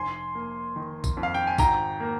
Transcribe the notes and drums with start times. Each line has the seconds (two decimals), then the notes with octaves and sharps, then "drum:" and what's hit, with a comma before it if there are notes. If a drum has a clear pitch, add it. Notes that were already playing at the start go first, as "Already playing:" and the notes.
Already playing: F1 G#5 C6
0.35 A#3
0.76 D#3
1.04 drum: kick, tambourine
1.17 F2
1.23 F5
1.34 G5
1.47 G#5
1.58 G#1 G5 A#5, drum: kick, tambourine
2.00 A#3